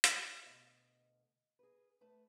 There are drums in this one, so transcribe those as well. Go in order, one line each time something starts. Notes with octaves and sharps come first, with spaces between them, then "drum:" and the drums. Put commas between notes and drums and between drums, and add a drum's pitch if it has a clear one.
G#4, drum: hi-hat
D2 B2 D#5 F5
G#4 A#4 B4
A3 B4 A5